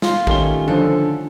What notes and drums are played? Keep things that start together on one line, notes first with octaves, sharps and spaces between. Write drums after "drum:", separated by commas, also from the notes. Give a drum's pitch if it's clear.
F4 C6, drum: snare
D#3 A3 C#4 G4 G7, drum: kick A1
D3 F3 A4